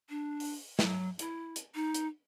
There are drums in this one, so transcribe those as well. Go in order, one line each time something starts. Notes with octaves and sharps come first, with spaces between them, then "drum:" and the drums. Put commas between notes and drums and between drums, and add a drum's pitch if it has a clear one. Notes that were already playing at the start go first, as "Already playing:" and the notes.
D4
drum: open hi-hat
F#3, drum: snare
E4, drum: hi-hat
drum: hi-hat
D#4
drum: hi-hat